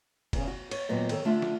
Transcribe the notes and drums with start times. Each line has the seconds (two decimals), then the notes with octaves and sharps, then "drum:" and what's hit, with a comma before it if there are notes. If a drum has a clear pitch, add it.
0.33 E2 A#2 C#3, drum: kick F1, cymbal
0.47 F#4
0.71 C#5, drum: cymbal
0.89 D#2 A#2 F#3 B3 D#5
1.09 D#3 A4 C#5, drum: cymbal
1.25 D3 A3 D4 F4
1.42 drum: snare